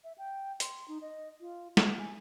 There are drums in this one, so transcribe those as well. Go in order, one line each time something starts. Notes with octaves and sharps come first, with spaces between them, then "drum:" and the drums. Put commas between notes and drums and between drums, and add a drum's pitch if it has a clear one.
E5
G5
C6, drum: hi-hat
D#4
D#5
F4
A3, drum: snare
G#5